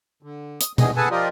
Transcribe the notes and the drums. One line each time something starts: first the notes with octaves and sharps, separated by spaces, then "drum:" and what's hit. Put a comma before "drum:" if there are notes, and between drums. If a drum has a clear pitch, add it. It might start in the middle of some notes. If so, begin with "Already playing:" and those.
D3
D#6, drum: hi-hat
D2 E3 G3 B3 G#4 D#5, drum: tom B2
G#4 A4 B4 F#5 G#5 A5
F3 F4 G4 A#4 D5 D#5